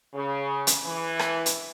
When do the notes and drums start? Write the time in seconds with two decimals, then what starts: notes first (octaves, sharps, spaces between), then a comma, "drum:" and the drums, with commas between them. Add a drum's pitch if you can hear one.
0.14 C#3
0.67 drum: hi-hat
0.85 E3
1.19 drum: rim click
1.46 drum: hi-hat